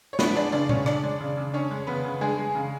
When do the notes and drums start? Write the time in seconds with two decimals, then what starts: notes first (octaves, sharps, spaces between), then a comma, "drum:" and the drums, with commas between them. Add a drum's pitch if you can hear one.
0.13 C#5
0.19 B3 D4 B4, drum: snare
0.35 G#3 D4 D5
0.52 C#3 D4 D5
0.69 C#3 C#4 C#5, drum: tom A#2
0.86 D4 D5, drum: rim click
1.03 G#3
1.20 C#3
1.37 C#3
1.53 C#4 D4 C#5
1.71 G#3
1.87 C#3 B3 B4
2.04 C#3
2.21 G#3 D4 G#4
2.38 G#3
2.55 C#3